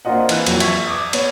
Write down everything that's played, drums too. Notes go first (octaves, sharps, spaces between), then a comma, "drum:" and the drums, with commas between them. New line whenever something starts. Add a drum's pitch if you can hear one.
A#3 C4 D4 F4 D#5 F#5
E3 F#6, drum: cymbal
F2 F#3 A#3, drum: cymbal
E5 C#6 G#6 B6, drum: cymbal
D6 D#6
B3 C#5, drum: cymbal